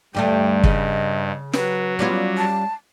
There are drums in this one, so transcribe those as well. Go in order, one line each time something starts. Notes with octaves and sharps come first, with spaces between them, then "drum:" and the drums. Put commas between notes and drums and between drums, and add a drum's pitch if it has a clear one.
D2 G2 G3 A3 G5
C#3 D#5, drum: kick
F#3 B4, drum: snare
G3 B3 C#4 F4
A5